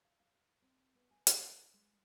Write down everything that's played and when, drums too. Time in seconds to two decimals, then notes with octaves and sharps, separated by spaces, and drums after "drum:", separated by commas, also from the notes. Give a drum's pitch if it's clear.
0.04 F5
0.20 F5
0.62 C4
0.95 B3
1.11 G#5
1.27 D4, drum: hi-hat
1.49 D4
1.74 G#3